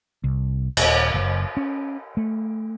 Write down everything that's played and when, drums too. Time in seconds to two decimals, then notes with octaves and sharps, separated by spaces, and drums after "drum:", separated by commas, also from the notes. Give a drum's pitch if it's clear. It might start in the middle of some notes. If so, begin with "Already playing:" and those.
0.24 C2
0.77 D#1, drum: cymbal
1.14 F#1
1.57 C#4
2.17 A3